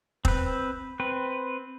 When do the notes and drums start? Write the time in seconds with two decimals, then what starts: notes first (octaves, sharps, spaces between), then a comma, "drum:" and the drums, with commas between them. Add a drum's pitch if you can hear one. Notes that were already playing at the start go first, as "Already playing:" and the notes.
0.25 C4 B4, drum: kick F1
1.00 C4 B4